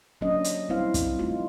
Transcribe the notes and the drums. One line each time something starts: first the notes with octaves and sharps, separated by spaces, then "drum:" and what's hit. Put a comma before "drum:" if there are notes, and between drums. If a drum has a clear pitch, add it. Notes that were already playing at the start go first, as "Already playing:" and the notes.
F#3 A#3 C#4 D4 D#5
drum: hi-hat
G3 C4 E4 C5 F5
drum: kick, hi-hat
A3 D#4 F4